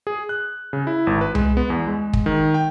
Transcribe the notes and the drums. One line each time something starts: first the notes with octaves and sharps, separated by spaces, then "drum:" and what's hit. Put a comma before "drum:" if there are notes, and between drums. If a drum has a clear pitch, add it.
G#4
F#6
C#3
E4
G#1
B4
G#3, drum: tom C2
B3
E2
G#3
drum: kick
D#3
G5